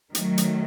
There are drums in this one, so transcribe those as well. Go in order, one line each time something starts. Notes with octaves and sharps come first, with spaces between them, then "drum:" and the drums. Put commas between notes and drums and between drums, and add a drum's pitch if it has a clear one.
D#3 F#3 A3, drum: hi-hat
drum: hi-hat